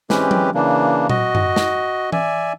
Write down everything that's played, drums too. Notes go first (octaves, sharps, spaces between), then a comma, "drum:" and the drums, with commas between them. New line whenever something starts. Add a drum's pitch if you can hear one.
E3 G#3 C4 C#4 G4 B4, drum: snare
drum: tom F#3
C#3 E3 A#3 D4
F#4 D#5, drum: tom A#2
drum: tom F#2
drum: snare
D5 E5 G#5, drum: tom E3